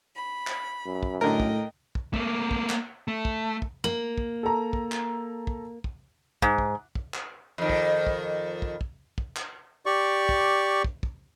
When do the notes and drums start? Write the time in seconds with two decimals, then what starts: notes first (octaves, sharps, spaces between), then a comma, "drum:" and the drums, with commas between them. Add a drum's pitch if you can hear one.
0.16 B5
0.47 drum: clap
0.85 F#2
1.03 drum: kick
1.21 A2 D3 A#4 D#5 G5
1.40 drum: kick
1.95 drum: kick
2.14 A3 A#3, drum: kick
2.51 drum: kick
2.69 drum: clap
3.08 A3
3.25 drum: kick
3.62 drum: kick
3.84 A#3 F#7
4.18 drum: kick
4.43 A4 A#5
4.73 drum: kick
4.92 drum: clap
5.47 drum: kick
5.84 drum: kick
6.42 G#2, drum: kick
6.58 drum: kick
6.95 drum: kick
7.14 drum: clap
7.58 F2 D#3
7.70 drum: kick
8.07 drum: kick
8.62 drum: kick
8.81 drum: kick
9.18 drum: kick
9.36 drum: clap
9.86 G4 D5 C#6
10.29 drum: kick
10.84 drum: kick
11.03 drum: kick